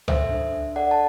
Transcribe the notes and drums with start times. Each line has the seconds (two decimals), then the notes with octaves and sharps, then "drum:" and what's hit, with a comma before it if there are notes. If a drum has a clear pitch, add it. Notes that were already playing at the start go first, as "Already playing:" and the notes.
0.08 A4 C5 E5, drum: tom C#2
0.30 D4
0.53 D4
0.76 A4 D5 F#5
0.91 A5